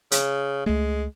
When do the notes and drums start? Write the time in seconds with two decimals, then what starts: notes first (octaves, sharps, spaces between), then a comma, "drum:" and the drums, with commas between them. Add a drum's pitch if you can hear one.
0.12 C#3, drum: hi-hat
0.66 C#2 G#3 A3